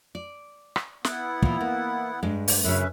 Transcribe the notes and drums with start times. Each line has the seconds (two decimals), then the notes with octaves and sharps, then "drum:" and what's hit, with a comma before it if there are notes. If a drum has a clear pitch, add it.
0.15 D5
0.76 drum: rim click
1.05 B3 E4 F#5, drum: snare
1.42 A#2 E3, drum: kick
1.61 A#3
2.23 G2 G#3
2.48 drum: open hi-hat
2.64 F#2 C#3 C#4 B4 E5